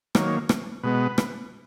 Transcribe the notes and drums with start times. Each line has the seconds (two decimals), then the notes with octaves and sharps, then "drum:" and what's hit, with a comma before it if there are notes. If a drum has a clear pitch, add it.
0.15 D#3 F#3 A#3 C#5, drum: rim click
0.49 drum: rim click
0.83 B2 G#3 B3 B4
1.18 drum: rim click